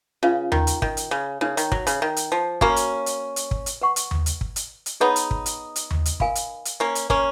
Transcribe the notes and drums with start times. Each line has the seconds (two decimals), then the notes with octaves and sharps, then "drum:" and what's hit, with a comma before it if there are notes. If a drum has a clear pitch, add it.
0.23 C#3 C#4 F4 B4 F5
0.52 D#3, drum: tom D#2
0.67 drum: hi-hat
0.82 D#3, drum: kick
0.97 drum: hi-hat
1.11 C#3
1.41 C#3 D#4 A#4 C#5
1.57 D#3, drum: hi-hat
1.72 F#3, drum: kick
1.87 C#3, drum: hi-hat
2.02 D#3
2.17 drum: hi-hat
2.32 F3
2.61 A#3 C#4 F#4 C#5 F5 B5, drum: kick
2.76 drum: hi-hat
3.06 drum: hi-hat
3.36 drum: hi-hat
3.51 drum: kick
3.66 drum: hi-hat
3.81 B4 F#5 C#6
3.96 drum: hi-hat
4.11 drum: tom D#2
4.26 drum: hi-hat
4.41 drum: kick
4.56 drum: hi-hat
4.86 drum: hi-hat
5.00 B3 D#4 G#4 C#5 F#5 B5
5.16 drum: hi-hat
5.31 drum: kick
5.46 drum: hi-hat
5.76 drum: hi-hat
5.91 drum: tom D#2
6.05 drum: hi-hat
6.20 A#4 F5 G#5 B5, drum: kick
6.35 drum: hi-hat
6.65 drum: hi-hat
6.80 A#3 C#4
6.95 drum: hi-hat
7.10 A#3 C#4, drum: kick